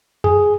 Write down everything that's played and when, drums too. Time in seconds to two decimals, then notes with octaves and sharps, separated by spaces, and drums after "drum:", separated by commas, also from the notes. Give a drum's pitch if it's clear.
0.24 G#4, drum: tom F2